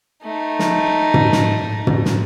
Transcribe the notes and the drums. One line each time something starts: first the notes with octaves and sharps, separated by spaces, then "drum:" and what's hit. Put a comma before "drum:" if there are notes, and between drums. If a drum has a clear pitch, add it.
A3 D#4
drum: snare
drum: tom
drum: snare
drum: tom
drum: snare